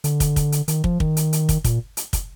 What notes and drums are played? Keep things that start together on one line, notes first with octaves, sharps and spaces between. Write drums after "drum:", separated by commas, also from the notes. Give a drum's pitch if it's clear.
D3, drum: hi-hat
drum: kick, hi-hat
drum: kick, hi-hat
drum: hi-hat
D#3, drum: hi-hat
F3, drum: kick
D#3, drum: kick
drum: hi-hat
drum: hi-hat
drum: kick, hi-hat
A#2, drum: kick, hi-hat
drum: hi-hat
drum: kick, hi-hat